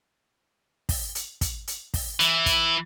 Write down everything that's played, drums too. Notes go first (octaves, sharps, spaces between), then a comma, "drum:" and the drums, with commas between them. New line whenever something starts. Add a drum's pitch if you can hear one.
drum: kick, open hi-hat
drum: hi-hat
drum: kick, hi-hat
drum: hi-hat
drum: kick, open hi-hat
E3 E4, drum: hi-hat
drum: kick, hi-hat